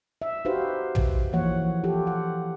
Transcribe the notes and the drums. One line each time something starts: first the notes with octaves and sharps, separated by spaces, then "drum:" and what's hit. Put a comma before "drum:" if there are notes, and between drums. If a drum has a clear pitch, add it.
E5
D#4 F#4 G4 B4 C5 F5
drum: tom
E3 F3 A#3 C#5 F#5
F4 G4 A4
F#5